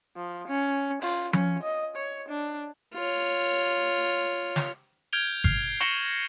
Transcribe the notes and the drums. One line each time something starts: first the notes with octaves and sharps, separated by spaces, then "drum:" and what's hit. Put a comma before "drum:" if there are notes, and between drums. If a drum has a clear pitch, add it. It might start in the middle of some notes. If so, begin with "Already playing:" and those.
F3
C#4
F4, drum: open hi-hat
C#4, drum: tom F3
D#5
C#5
D4
F4 C#5
drum: snare
F6 G6 G#6 D7 F7 G7
F6 C7, drum: kick G#1
C#6 A#6 C#7 E7 F#7 G7, drum: hi-hat